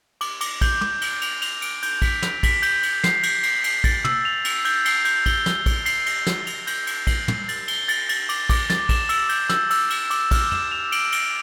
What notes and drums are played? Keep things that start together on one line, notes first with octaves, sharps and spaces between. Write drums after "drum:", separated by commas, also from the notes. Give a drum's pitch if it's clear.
D6, drum: cymbal
D6, drum: cymbal
G6, drum: kick, cymbal
D6, drum: tom
G6, drum: cymbal
F7, drum: cymbal
F7, drum: cymbal
D7, drum: cymbal
G6, drum: cymbal
B6, drum: kick, cymbal
F7, drum: snare
B6, drum: kick, cymbal
G6, drum: cymbal
G6, drum: cymbal
C7, drum: snare
G6, drum: cymbal
C7, drum: cymbal
C7, drum: cymbal
A6, drum: kick, cymbal
E6, drum: tom
F7
F7, drum: cymbal
G6, drum: cymbal
C7, drum: cymbal
G6, drum: cymbal
G7, drum: kick, cymbal
G7, drum: snare
G7, drum: kick, cymbal
C7, drum: cymbal
C7, drum: cymbal
G6, drum: snare
F7, drum: cymbal
G6, drum: cymbal
G6, drum: cymbal
C7, drum: kick, cymbal
C7, drum: tom
A6, drum: cymbal
G7, drum: cymbal
A6, drum: cymbal
A6, drum: cymbal
D6, drum: cymbal
D6, drum: kick, cymbal
A6, drum: snare
E7, drum: kick, cymbal
E6, drum: cymbal
G6, drum: cymbal
E6, drum: snare
E6, drum: cymbal
E7, drum: cymbal
D6, drum: cymbal
F6, drum: kick, cymbal
E7, drum: tom
F7
D7, drum: cymbal
D7, drum: cymbal